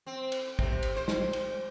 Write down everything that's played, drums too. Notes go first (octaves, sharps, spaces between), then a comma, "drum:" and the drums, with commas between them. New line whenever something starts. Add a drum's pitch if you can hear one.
C4
drum: cymbal
C3, drum: kick
drum: cymbal
C5
drum: snare
drum: cymbal